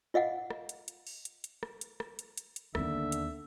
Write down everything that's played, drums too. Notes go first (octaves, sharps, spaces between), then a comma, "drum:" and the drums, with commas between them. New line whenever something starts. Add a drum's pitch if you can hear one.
F4 D#5 F5 F#5
drum: rim click
drum: hi-hat
drum: hi-hat
drum: open hi-hat
drum: hi-hat
drum: hi-hat
drum: rim click
drum: hi-hat
drum: rim click
drum: hi-hat
drum: hi-hat
drum: hi-hat
D#2 D3 B3 E5, drum: rim click
drum: hi-hat